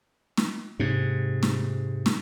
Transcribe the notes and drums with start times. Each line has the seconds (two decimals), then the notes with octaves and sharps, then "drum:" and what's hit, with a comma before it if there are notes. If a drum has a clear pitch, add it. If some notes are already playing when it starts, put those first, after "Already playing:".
0.37 drum: snare
0.80 G#2 C3
1.43 drum: snare
2.06 drum: snare